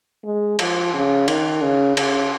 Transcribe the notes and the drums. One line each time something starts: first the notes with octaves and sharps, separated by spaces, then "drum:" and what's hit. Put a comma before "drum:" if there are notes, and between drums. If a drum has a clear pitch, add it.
G#3
F3, drum: cymbal
C#3
D#3, drum: cymbal
C#3
C#3, drum: cymbal